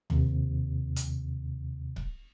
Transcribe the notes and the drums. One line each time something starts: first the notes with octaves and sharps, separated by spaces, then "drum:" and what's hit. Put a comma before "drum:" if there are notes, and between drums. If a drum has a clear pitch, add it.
D#2 C3, drum: tom
drum: hi-hat
drum: kick C#1